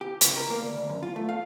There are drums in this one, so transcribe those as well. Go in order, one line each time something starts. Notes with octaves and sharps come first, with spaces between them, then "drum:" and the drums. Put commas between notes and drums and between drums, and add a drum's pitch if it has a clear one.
G4
C#2, drum: hi-hat
A#4
A#3
D2
D2
F#2
F4
A3
F5